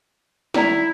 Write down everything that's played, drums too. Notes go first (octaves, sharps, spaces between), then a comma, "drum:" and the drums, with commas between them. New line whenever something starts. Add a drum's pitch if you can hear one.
D#3 E4 D5 A#5, drum: snare